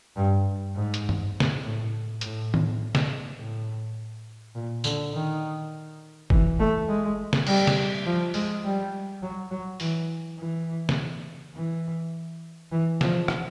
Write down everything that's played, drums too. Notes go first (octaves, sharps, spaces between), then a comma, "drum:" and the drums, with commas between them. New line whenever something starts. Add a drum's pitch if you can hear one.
G2
G#2
drum: hi-hat
drum: tom G2
drum: snare
A2
A2, drum: hi-hat
drum: tom
drum: snare
A2
A#2
D3, drum: tambourine
D#3
E3, drum: kick
A3
G#3
drum: snare
G3, drum: cymbal
drum: snare
F3
G#3, drum: open hi-hat
G3
F#3
F#3
E3, drum: open hi-hat
E3
drum: snare
E3
E3
F3, drum: snare
drum: rim click